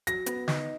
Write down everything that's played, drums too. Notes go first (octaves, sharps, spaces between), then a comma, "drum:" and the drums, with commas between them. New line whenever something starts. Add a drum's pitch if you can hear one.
F#3 A#6, drum: hi-hat
B3, drum: hi-hat
D#4, drum: snare